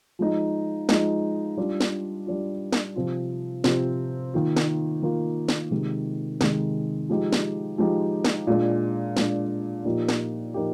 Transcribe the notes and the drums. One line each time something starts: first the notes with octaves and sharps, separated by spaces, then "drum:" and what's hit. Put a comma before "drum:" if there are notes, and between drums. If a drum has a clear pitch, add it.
F3 G#3 D#4
F3 G#3 D#4, drum: snare
G3 D4 F4
drum: snare
G3 D4 F4
drum: snare
C3 F3 C4 F4
C3 F3 C4 F4, drum: snare
D#3 A#3 F4
drum: snare
D#3 A#3 F4
drum: snare
C3 D#3 G#3
C3 D#3 G#3, drum: snare
F3 G#3 D#4 G4
drum: snare
F3 G#3 D#4 G4
drum: snare
A#2 G#3 D4
A#2 G#3 D4, drum: snare
A#2 F3 A#3 D#4 G4
drum: snare
A#2 F3 A#3 D#4 G4